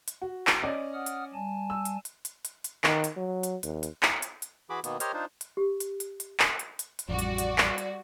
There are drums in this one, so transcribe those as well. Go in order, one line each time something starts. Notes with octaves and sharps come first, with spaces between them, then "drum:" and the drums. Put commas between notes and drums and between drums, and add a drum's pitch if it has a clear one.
drum: hi-hat
F#4
drum: clap
C#4 D5 D#5
F#5 D#6 F6
drum: hi-hat
G3 G#5 A5
E6
drum: hi-hat
drum: hi-hat
drum: hi-hat
drum: hi-hat
drum: hi-hat
D#3, drum: clap
drum: hi-hat
F#3
drum: hi-hat
D#2, drum: hi-hat
drum: hi-hat
drum: clap
drum: hi-hat
drum: hi-hat
E3 F#4 G#4 B5 D6
B2 D#3 A#3 B3, drum: hi-hat
G4 A#4 C5 C#5 D#5 F6, drum: hi-hat
D4 D#4 F4 C5
drum: hi-hat
G4
drum: hi-hat
drum: hi-hat
drum: hi-hat
drum: clap
drum: hi-hat
drum: hi-hat
drum: hi-hat
A1 F2 G3 F#4 D5
drum: hi-hat
drum: hi-hat
drum: clap
drum: hi-hat